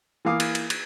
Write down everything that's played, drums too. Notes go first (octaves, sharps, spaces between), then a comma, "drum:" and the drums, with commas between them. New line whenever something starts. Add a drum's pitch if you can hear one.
E3 A#3 F5 D6 D#6
drum: cymbal
drum: cymbal
drum: cymbal